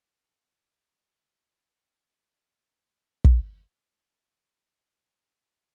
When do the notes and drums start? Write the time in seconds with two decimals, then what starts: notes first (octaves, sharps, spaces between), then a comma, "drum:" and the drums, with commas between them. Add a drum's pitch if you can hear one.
0.24 D3 G3 D4 F4 A4
0.46 C5
0.68 D5
0.89 E5
1.47 D5
1.53 F2 E3 A#3 E5
1.85 G5
2.01 F5
2.18 E5
2.33 D5
2.50 D5
2.66 C5
2.81 C3 F3 A3 C4
3.24 drum: kick
4.10 A#2 F3 C4 E4 E5
4.74 D5
5.06 C5
5.39 C3 E3 A#3 A4